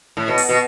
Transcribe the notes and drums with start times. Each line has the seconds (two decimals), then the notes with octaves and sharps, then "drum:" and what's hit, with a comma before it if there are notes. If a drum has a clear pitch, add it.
0.17 A2
0.28 B2
0.38 drum: open hi-hat
0.49 B2